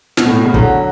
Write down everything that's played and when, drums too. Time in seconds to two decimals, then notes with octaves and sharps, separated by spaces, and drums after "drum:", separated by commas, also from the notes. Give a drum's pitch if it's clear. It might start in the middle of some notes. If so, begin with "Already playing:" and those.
0.17 B2, drum: snare
0.27 A2
0.36 B2
0.45 A2 C#3
0.54 D3 F#3, drum: kick